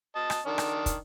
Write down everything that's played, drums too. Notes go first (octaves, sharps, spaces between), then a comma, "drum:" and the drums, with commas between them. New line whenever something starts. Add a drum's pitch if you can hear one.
D#5 A5
drum: rim click
D#3 D4
drum: rim click
drum: kick, hi-hat